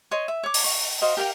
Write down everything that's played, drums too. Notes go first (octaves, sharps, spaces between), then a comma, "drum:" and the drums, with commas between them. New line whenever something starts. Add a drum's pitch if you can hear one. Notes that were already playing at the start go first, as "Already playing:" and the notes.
C#5 D#5 C6
E5
C#5 D6
drum: open hi-hat
C#6
F#4 C5 D#5 F5
G4 A#4 F5 G5